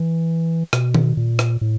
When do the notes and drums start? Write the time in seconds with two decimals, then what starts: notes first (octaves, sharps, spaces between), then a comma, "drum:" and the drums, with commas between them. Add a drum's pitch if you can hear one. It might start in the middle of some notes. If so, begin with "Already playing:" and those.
Already playing: E3
0.73 B2, drum: rim click
0.95 drum: tom D#3
1.17 A#2
1.39 drum: rim click
1.61 A2